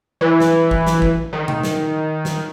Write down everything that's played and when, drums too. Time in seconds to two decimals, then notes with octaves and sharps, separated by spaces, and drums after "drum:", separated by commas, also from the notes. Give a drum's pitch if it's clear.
0.21 E3
0.40 drum: snare
0.71 drum: kick
0.87 drum: snare
1.02 drum: kick
1.33 D#3
1.48 drum: tom B2
1.63 drum: snare
2.25 drum: snare